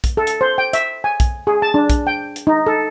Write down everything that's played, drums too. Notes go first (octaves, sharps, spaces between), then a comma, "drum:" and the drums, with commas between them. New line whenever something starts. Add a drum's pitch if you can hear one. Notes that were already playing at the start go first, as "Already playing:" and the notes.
drum: kick, hi-hat
A4
drum: hi-hat
C5
G5
E5, drum: hi-hat
G#5
drum: kick, hi-hat
G#4
A5
D4
drum: kick, hi-hat
G5
drum: hi-hat
D#4
A4